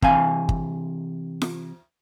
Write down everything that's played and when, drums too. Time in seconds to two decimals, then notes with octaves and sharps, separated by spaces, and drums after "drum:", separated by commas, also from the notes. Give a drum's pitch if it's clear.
0.02 C3 E3 F5 G#5, drum: kick
0.49 drum: kick
1.42 drum: snare F4